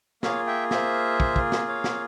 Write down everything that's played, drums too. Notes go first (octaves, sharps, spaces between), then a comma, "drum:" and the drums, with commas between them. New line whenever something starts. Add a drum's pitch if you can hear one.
A#3 F4 G#4 C#5 F5, drum: snare
E5 G5
C5 E5, drum: snare
drum: kick
drum: kick
drum: snare
C#5 F5
drum: snare